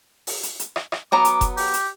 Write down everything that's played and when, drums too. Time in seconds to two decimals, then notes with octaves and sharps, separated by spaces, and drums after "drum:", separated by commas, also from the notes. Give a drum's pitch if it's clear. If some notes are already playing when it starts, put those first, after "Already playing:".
0.27 drum: open hi-hat
0.43 drum: hi-hat
0.59 drum: hi-hat
0.76 drum: rim click
0.92 drum: rim click
1.12 F#3 B3 A#5 D6
1.25 drum: hi-hat
1.41 drum: kick F1, hi-hat
1.57 G4, drum: open hi-hat
1.73 drum: hi-hat